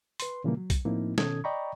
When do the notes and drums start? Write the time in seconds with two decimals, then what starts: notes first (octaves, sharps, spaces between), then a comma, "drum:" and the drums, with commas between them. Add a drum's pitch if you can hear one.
0.20 B4 C6, drum: hi-hat
0.44 A#2 C#3 E3 F3 G3 A#3
0.57 F#3
0.70 drum: kick B1, hi-hat
0.85 A2 F3 A#3 C4 D#4 E4
1.18 B2 D#3 C#4 A4 D#6 G#6, drum: snare
1.44 D5 D#5 G5 A#5 B5 C#6